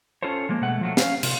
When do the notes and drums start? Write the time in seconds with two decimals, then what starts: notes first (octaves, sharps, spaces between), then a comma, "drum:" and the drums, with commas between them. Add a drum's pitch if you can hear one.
0.23 C#4 F4 A4 C5 C#5
0.49 F3 G#3 A#3
0.61 B2 G#3 A3 F#5
0.81 F3 F#3 A3
0.97 C#4 F5, drum: snare
1.23 C3 F4, drum: cymbal